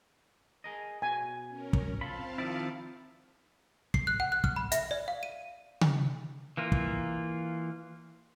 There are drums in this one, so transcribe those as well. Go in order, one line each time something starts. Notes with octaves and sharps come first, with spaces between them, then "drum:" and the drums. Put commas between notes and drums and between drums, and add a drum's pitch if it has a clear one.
G#4 A#4 D#5
B2 G#5
C#4 A#4
drum: kick
C4 F4 A4 F5 A5 B5
D#3 F3 E4 D5
C7, drum: kick
F#6
F#5
F#6
F6, drum: kick
B5
E5, drum: hi-hat
D5
F5
D#7
drum: tom C#3
E3 A#3 F4
drum: kick